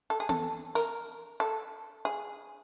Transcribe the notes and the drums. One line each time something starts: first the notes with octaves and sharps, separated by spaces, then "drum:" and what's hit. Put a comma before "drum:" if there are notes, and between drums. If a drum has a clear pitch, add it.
A4
G#4
A4, drum: tom B3
A#4, drum: hi-hat
A4
G#4